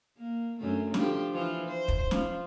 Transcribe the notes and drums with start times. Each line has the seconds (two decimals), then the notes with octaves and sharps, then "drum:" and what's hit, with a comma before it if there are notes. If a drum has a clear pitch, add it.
0.17 A#3
0.59 F#2 D3 A3
0.94 D3 F3 G4, drum: snare
1.32 E3 F3 F4
1.67 C5
1.88 drum: kick
2.11 F3, drum: snare